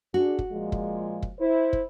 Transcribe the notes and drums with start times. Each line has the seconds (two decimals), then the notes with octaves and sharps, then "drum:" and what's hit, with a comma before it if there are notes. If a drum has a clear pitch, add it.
0.14 D4 F#4 G#4
0.39 drum: kick
0.51 A#2 F3 G#3
0.72 drum: kick
1.22 drum: kick
1.39 E4 C5
1.73 drum: kick